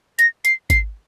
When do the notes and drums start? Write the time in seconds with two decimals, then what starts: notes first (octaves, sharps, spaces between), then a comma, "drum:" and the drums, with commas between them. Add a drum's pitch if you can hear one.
0.19 A#6, drum: hi-hat
0.45 C7, drum: hi-hat
0.70 C7, drum: kick G#1, hi-hat